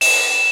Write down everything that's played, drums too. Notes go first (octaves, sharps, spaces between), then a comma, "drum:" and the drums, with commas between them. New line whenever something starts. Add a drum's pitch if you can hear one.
E7, drum: open hi-hat